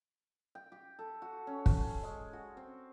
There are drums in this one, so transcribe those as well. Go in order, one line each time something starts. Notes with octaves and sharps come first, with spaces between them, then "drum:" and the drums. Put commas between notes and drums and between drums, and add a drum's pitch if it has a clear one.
G5
G4
A4
F#4
C#4
drum: kick
G#3
F#4
C4